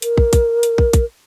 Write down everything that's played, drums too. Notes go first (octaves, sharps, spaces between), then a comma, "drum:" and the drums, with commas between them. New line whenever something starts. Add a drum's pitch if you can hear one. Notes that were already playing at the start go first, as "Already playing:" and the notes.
A#4, drum: hi-hat
drum: kick
drum: kick, hi-hat
drum: hi-hat
drum: kick
drum: kick, hi-hat